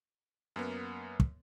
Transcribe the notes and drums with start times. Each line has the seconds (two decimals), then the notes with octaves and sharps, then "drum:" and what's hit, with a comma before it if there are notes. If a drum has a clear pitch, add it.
0.56 F#2 A#3 B3
1.20 drum: kick